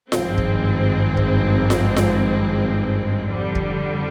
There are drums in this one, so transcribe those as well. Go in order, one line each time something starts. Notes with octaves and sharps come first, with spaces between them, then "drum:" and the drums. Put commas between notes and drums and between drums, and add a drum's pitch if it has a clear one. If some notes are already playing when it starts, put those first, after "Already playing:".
G#1 G2 F3 G#3 C4, drum: snare F4
drum: kick
drum: kick
drum: snare F4
drum: snare F4
F2 D3 G3
drum: kick